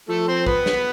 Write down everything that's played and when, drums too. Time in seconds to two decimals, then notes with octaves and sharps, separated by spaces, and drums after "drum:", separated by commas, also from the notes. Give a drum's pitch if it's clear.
0.08 F3 A3 A4
0.27 C4 C5
0.46 B3 B4, drum: kick
0.66 drum: snare